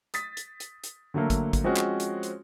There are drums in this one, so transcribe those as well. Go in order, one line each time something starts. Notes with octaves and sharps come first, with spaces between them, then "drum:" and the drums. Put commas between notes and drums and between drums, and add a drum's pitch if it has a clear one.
D#6 A6 B6, drum: hi-hat
drum: hi-hat
drum: hi-hat
drum: hi-hat
D3 F#3 A3 A#3
drum: kick, hi-hat
drum: kick, hi-hat
F3 G#3 C4 C#4 F#4
drum: clap
drum: hi-hat
drum: hi-hat